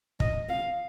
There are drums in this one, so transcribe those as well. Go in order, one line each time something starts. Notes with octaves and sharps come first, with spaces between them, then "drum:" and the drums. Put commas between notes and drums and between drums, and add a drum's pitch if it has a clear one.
D#5, drum: kick
F5